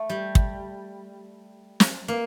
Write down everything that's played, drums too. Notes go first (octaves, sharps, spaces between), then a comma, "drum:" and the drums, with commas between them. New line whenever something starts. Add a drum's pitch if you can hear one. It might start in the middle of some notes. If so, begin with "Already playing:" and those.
Already playing: A3
G3
drum: kick
drum: snare
A#3